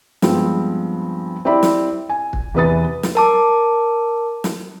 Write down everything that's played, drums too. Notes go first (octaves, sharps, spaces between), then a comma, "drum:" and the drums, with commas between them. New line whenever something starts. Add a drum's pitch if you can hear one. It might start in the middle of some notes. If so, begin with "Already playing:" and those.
G2 F3 G#3 B3 C4, drum: snare
C4 E4 G4 D5 E5 B5
drum: snare
G#5
drum: kick
E2 C3 B4 D#6 A6
drum: snare
A#4 A5 D6
drum: snare